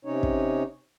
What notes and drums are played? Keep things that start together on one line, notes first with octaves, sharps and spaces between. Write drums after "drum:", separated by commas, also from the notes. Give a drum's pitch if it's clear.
C3 C#4 D#4 C#5
drum: kick